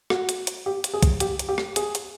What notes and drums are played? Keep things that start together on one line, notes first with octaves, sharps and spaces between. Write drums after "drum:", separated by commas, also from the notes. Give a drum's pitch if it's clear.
F#4, drum: rim click
drum: hi-hat
drum: hi-hat
G4
drum: hi-hat
G#4
drum: kick, hi-hat
G4, drum: hi-hat
drum: hi-hat
G4
drum: rim click
G#4, drum: hi-hat
drum: hi-hat